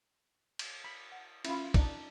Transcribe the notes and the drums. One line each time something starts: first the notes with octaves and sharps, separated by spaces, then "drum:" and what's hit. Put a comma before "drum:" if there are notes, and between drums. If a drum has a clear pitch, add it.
drum: cymbal
B5
F#5
C#4 E4 F4 B5, drum: cymbal
D4 D#4, drum: kick, cymbal